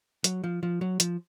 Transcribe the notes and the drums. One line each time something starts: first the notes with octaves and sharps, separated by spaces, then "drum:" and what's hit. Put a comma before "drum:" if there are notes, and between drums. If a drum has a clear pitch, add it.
F#3, drum: hi-hat
F3
F3
F#3
F3, drum: hi-hat